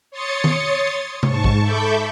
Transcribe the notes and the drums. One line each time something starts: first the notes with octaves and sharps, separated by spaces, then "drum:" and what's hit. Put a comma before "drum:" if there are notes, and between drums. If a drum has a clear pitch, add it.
C#5 C6 D#6 A6 C#7
drum: tom D#3
G#2 A5 C#6, drum: tom C3
drum: kick
A4 E5 B5 C#6 D6 G6